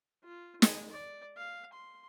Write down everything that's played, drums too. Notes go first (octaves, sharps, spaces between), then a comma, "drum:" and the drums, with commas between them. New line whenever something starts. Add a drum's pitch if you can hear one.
F4
G#3, drum: snare
D5
F5
C6